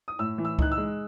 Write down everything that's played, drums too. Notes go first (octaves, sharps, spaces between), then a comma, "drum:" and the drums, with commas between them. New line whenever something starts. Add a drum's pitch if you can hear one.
D#6
A2 E6
E3
E6
D#4 F#6, drum: kick C#2
E6
G#3